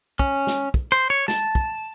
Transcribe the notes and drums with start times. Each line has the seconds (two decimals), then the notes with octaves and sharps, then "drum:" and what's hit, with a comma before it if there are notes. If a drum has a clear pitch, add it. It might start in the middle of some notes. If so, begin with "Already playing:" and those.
0.19 C#4, drum: kick
0.47 drum: snare
0.74 drum: kick
0.92 C5
1.10 C#5
1.28 A5, drum: snare
1.55 drum: kick